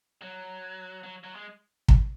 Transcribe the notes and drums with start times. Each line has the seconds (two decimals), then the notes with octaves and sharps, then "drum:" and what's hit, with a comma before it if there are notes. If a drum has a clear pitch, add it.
0.22 F#3
1.03 F#3
1.24 F#3
1.35 G#3
1.88 drum: kick